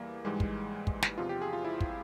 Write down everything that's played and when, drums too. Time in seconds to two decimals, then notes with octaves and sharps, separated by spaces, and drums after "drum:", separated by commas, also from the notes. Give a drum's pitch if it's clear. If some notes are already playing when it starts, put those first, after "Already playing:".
Already playing: E2 E3 G3 A#3
0.25 G#2 E3 G3 G#3
0.40 drum: kick
0.87 drum: kick
1.02 drum: snare
1.18 E2 C3 F3 F4
1.29 G4
1.42 G#4
1.53 F4
1.65 E4
1.81 drum: kick